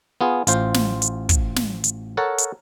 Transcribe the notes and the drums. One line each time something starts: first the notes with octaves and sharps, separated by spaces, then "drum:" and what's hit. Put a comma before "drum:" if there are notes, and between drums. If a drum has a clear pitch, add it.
B3 F4 G#4
A1 F4 C5, drum: hi-hat
drum: snare
drum: hi-hat
drum: kick, hi-hat
drum: snare
drum: hi-hat
A4 A#4 C#5 F#5 A5
drum: hi-hat